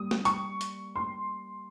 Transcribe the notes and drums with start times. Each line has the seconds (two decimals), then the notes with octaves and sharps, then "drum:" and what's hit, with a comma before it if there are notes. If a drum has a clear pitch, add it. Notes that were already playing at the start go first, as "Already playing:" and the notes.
Already playing: G3 A#3 D#6
0.11 drum: snare
0.25 C#6, drum: hi-hat
0.61 drum: hi-hat
0.96 C6